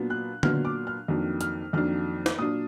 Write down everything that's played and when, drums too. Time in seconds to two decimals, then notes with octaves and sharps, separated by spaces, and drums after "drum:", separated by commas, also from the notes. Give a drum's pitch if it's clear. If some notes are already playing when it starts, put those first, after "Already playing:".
Already playing: A#2 F#3 B3 D4
0.10 F#6
0.43 A#2 F#3 B3 D4 F6, drum: tom D3
0.65 D6
0.87 F6
1.08 F2 D#3 F#3 A#3 D4
1.41 F6, drum: hi-hat
1.73 F2 D#3 F#3 A#3 D4 F6
2.26 drum: snare
2.38 A#2 F#3 D4 D#6